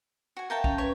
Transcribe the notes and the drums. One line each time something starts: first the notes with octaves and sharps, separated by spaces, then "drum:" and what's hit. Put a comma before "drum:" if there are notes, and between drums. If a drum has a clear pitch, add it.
F#4 G#5
A#4 E5 F5 G5 A5
C#4, drum: kick B1
C#4 B4 C#5